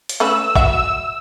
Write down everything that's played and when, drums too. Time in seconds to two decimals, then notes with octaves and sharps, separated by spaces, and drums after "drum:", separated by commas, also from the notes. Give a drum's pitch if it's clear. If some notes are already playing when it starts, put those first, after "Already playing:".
0.09 drum: hi-hat
0.20 A3 C#4 B4 E6
0.56 F#4 E5, drum: kick A1